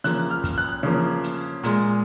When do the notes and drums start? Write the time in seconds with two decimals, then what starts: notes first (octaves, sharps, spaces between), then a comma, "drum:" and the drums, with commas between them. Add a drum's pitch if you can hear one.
0.04 C#3 F3 A#3 F#6, drum: hi-hat
0.31 F6
0.44 drum: kick, hi-hat
0.58 F#6
0.83 C#3 F3 A#3
1.23 drum: hi-hat
1.64 A#2 G#3, drum: hi-hat